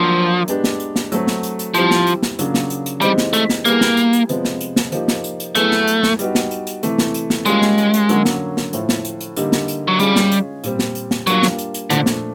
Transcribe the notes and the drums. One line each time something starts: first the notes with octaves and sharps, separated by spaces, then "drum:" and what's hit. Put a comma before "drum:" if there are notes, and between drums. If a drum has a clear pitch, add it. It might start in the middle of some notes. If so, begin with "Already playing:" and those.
Already playing: F3 F#3 A#3 D4
G#3 B3 D4 G4, drum: hi-hat
drum: snare
drum: hi-hat
drum: snare
F#3 A3 C4, drum: hi-hat
drum: snare
drum: hi-hat
drum: hi-hat
F3 G3 C4 E4 G4, drum: hi-hat
drum: snare
drum: hi-hat
drum: snare
C#3 F#3 A#3 D4 F4, drum: hi-hat
drum: snare
drum: hi-hat
drum: hi-hat
E3 G3 G#3 C4 D#4 G4, drum: hi-hat
drum: snare
A3, drum: hi-hat
drum: snare
G3 A#3 B3 E4 G#4, drum: hi-hat
drum: snare
drum: hi-hat
drum: hi-hat
C3 F3 G#3 B3, drum: hi-hat
drum: snare
drum: hi-hat
drum: snare
F3 A#3 D#4 G4, drum: hi-hat
drum: snare
drum: hi-hat
drum: hi-hat
F#3 A3 B3 E4 G#4, drum: hi-hat
drum: snare
drum: hi-hat
drum: snare
G3 B3 D#4 F#4, drum: hi-hat
drum: snare
drum: hi-hat
drum: hi-hat
C3 E3 A3, drum: hi-hat
drum: snare
drum: hi-hat
drum: snare
G3 G#3 A#3 C#4 F4, drum: hi-hat
drum: snare
drum: hi-hat
drum: hi-hat
D3 F#3 A#3 C#4 F#4, drum: hi-hat
drum: snare
drum: snare
A2 F3 A3, drum: hi-hat
drum: snare
drum: hi-hat
drum: hi-hat
D3 G3 A#3 D#4 G4, drum: hi-hat
drum: snare
drum: hi-hat
F#3
G3 G#3 C#4 F4 G#4, drum: hi-hat
drum: snare
drum: hi-hat
A#2 G3 C4, drum: hi-hat
drum: snare
drum: hi-hat
drum: snare
F#3 G3 A#3 D4 F4, drum: hi-hat
drum: snare
drum: hi-hat
drum: hi-hat
A#2 D3 F3 A3 D4, drum: hi-hat
drum: snare